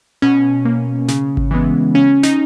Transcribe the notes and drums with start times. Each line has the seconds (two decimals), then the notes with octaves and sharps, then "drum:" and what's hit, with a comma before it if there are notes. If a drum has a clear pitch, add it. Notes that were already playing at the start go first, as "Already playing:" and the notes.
0.22 B2 C#4
0.65 A#3
1.08 C#3, drum: snare
1.37 drum: kick G#1
1.51 E3 G#3 B3
1.95 C#3 C#4
2.23 D#4, drum: snare